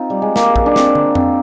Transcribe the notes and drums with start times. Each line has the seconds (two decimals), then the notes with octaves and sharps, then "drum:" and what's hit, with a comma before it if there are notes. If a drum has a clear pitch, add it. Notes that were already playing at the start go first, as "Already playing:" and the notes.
Already playing: C4 D#4 F4
0.10 G3
0.22 G#3
0.36 A#3, drum: snare
0.56 drum: kick
0.66 D4
0.76 C4, drum: snare
0.95 drum: tom
1.15 C4, drum: tom F2